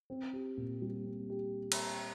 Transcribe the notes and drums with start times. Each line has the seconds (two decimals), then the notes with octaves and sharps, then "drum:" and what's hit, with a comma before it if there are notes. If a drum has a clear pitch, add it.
0.10 C4
0.33 G4
0.57 A#2
0.82 G3
1.05 C4
1.30 G4
1.72 drum: cymbal